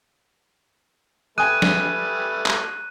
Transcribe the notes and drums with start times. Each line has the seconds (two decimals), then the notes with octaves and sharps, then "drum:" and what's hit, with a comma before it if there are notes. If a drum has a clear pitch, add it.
1.38 G3 A3 B4 G5 G#5 D#6 F#6 D#7
1.62 drum: snare
2.46 drum: clap